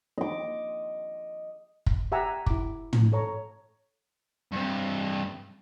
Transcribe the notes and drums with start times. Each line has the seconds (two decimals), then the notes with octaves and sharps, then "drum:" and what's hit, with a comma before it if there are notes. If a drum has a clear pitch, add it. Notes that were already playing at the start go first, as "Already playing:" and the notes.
0.18 D#5 D6
1.86 drum: kick F#1
2.12 G4 E5 F#5 G#5 A#5 E6
2.46 E4 D6, drum: kick F#1
2.93 drum: tom
3.12 A4 C#5 A#5
4.52 G2 C4